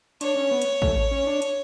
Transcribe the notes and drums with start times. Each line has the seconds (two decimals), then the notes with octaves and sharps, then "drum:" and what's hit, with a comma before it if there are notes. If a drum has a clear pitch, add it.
0.21 D4 C#5, drum: hi-hat
0.36 C#4
0.51 B3
0.62 drum: hi-hat
0.82 A3, drum: kick A1
1.11 C#4
1.27 D4
1.42 drum: hi-hat